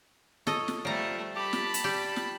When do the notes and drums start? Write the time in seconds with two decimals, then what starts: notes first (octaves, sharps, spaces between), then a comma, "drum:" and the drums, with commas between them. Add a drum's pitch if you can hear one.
0.47 A4 C#5 D#5, drum: snare
0.68 drum: snare
0.85 F3 G3 A3 A5 A#5
1.36 G4 A5 B5
1.53 drum: snare
1.74 drum: hi-hat
1.84 G3 G4
2.16 drum: snare